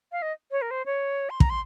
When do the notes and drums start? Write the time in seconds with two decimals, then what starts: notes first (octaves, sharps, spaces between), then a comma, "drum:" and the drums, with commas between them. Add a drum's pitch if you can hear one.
0.12 F5
0.22 D#5
0.51 C#5
0.62 A#4
0.71 C5
0.86 C#5
1.30 C6
1.40 A#5, drum: kick
1.50 C6